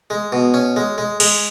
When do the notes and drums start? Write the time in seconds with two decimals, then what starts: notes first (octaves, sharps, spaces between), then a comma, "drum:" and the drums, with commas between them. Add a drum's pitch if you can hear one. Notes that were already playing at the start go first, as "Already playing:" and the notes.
0.10 G#3
0.32 B2
0.54 C#4
0.76 G#3
0.98 G#3
1.20 G#3, drum: cymbal